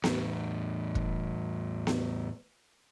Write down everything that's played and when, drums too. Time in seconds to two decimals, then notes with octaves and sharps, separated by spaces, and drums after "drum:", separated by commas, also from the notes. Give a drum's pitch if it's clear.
0.04 E2 A2, drum: snare B3
0.95 drum: kick
1.87 drum: snare B3